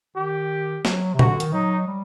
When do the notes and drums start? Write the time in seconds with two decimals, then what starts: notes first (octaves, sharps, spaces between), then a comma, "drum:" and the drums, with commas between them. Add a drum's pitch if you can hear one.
0.16 D#3 G4
0.85 F#3, drum: snare
1.14 C3
1.19 F#4, drum: tom A#2
1.27 D3
1.40 D#3, drum: hi-hat
1.53 F#3 D#4
1.87 G3